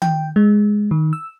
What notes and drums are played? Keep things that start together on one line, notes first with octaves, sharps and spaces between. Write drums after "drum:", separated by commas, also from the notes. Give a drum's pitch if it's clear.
G5, drum: tom D#3
G#3
D#3
E6